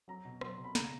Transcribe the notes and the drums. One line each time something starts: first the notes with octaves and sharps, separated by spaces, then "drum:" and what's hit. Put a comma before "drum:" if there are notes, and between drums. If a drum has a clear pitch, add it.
F#3 A#5
B2
F#3 C6, drum: rim click
B2
B5
C#3 A#5, drum: snare